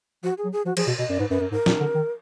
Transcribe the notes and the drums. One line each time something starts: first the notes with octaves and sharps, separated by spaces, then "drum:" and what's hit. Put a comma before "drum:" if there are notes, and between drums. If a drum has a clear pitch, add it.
F3 F#4
G#4
F#3
G#4
F3 F#4
F3 G#4, drum: cymbal
B2
B2 D#5
F#2 D5
G#2 B4
F#2 B4
F#2 A#4
G#2 A#4
A#2, drum: snare
D3
D#3